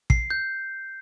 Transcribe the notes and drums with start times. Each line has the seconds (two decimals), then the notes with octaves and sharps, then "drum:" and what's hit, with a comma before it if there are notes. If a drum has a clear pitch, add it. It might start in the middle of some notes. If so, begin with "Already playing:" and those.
0.10 C7, drum: kick
0.30 G6